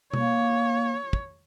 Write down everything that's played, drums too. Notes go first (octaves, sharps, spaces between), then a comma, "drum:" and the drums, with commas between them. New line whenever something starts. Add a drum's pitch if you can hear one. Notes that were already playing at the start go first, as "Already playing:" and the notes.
A#3 C#5, drum: tom B2
drum: kick